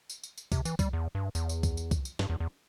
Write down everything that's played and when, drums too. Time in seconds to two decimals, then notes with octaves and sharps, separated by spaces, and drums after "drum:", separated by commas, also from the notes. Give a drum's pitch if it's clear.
0.10 drum: tambourine
0.24 drum: tambourine
0.37 drum: tambourine
0.52 C3, drum: kick C2, tambourine
0.65 E3, drum: tambourine
0.79 G3, drum: kick C2, tambourine
0.93 E2
1.15 G2
1.35 E2, drum: tambourine
1.49 drum: tambourine
1.63 drum: kick C2, tambourine
1.77 drum: tambourine
1.91 drum: kick C2, tambourine
2.05 drum: tambourine
2.19 G2, drum: snare
2.30 E2
2.40 E2